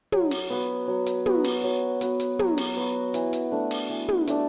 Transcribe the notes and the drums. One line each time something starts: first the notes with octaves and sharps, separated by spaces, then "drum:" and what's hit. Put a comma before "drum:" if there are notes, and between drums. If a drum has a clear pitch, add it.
F#3, drum: tom
drum: open hi-hat
B3 F#4
F#3
drum: hi-hat
B3 F#4, drum: tom
drum: open hi-hat
F#3
B3 F#4, drum: hi-hat
drum: hi-hat
F#3, drum: tom
drum: open hi-hat
B3 F#4
E3, drum: hi-hat
drum: hi-hat
A3 D4
drum: open hi-hat
E3
drum: tom
A3 D4, drum: hi-hat